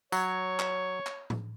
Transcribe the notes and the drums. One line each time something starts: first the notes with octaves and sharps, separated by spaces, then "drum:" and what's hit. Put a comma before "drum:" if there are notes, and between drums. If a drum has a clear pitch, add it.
F#3 C#5, drum: tambourine
drum: clap
drum: clap
drum: tom A2